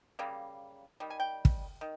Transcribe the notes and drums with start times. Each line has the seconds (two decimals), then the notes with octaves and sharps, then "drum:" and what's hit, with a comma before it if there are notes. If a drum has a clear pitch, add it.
0.19 C#3 G3 A#3
1.00 D#3 G3
1.10 G#5
1.20 G5
1.45 drum: kick
1.81 D#3